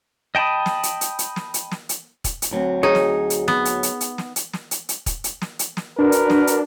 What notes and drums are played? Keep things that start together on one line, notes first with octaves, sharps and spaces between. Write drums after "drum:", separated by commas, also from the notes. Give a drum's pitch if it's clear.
D#5 G5 A5 B5 D#6
drum: snare
drum: hi-hat
drum: hi-hat
drum: hi-hat
drum: snare
drum: hi-hat
drum: snare
drum: hi-hat
drum: kick, hi-hat
drum: hi-hat
D2 F#3 C4
D#4 G#4 C#5
drum: snare
drum: hi-hat
B3, drum: snare
drum: hi-hat
drum: hi-hat
drum: hi-hat
drum: snare
drum: hi-hat
drum: snare
drum: hi-hat
drum: hi-hat
drum: kick, hi-hat
drum: hi-hat
drum: snare
drum: hi-hat
drum: snare
D4 F#4 A#4 B4
drum: hi-hat
drum: snare
drum: hi-hat